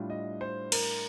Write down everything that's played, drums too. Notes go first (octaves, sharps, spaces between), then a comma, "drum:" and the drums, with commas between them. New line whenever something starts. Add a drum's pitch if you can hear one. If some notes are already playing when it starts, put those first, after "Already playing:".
Already playing: A2 G3 D4 F4
D#5
C5
A#4, drum: cymbal